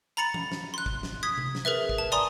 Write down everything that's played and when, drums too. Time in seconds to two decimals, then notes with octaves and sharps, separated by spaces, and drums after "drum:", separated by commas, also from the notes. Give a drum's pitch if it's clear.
0.17 A#5 B5 A6 C#7 F7
0.34 drum: tom E3
0.52 drum: snare
0.74 C6 F#6
0.86 drum: kick
1.03 drum: snare
1.23 D#6 G#6 B6
1.38 drum: tom C3
1.55 drum: snare
1.65 G#4 A#4 B4 E5
1.89 drum: kick
1.98 A5
2.12 D5 G#5 A#5 C6 D#6